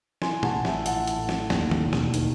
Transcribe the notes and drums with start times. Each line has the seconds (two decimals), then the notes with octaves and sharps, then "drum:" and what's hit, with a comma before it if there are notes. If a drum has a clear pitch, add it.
0.22 E3 G#5 C6, drum: snare
0.43 F#5 A5, drum: tom
0.54 A1
0.65 E5 G#5, drum: snare
0.86 E3 F#5 A5, drum: hi-hat
1.07 drum: hi-hat
1.18 A2
1.29 drum: snare
1.50 D#2, drum: snare
1.71 drum: tom D#3
1.82 E1
1.93 drum: snare
2.14 D#3, drum: hi-hat